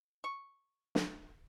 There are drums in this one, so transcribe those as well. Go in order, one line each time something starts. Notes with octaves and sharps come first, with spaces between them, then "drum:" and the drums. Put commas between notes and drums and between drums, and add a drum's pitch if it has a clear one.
C#6
drum: snare